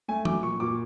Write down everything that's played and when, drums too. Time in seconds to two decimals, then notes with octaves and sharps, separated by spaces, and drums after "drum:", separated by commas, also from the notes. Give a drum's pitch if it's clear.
0.08 A3 G#5
0.25 F#3 D6, drum: tom
0.43 A#2 C#6
0.60 A#2 D6